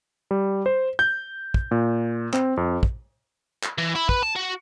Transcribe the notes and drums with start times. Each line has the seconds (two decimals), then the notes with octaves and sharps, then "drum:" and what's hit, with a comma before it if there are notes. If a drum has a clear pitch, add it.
0.31 G3
0.66 C5
0.99 G6
1.54 drum: kick
1.71 A#2
2.33 C4, drum: clap
2.57 F2
2.83 drum: kick
3.63 drum: clap
3.78 E3
3.95 E4
4.09 B4, drum: kick
4.23 A5
4.36 F#4